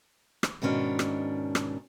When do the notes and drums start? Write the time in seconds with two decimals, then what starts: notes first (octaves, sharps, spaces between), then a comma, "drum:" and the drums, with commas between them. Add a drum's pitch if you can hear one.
0.43 drum: rim click
0.62 G#2 B2 D#3 C#4 D4
0.99 drum: rim click
1.55 drum: rim click